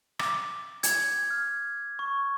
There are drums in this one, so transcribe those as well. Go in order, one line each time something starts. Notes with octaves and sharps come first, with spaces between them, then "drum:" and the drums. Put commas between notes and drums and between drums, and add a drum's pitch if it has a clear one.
D6, drum: rim click
G#6, drum: hi-hat
F6
C#6